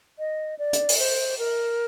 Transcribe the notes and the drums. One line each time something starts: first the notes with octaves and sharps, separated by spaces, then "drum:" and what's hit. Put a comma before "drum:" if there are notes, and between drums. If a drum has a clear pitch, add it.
D#5
D5
drum: hi-hat
drum: open hi-hat
C5
A#4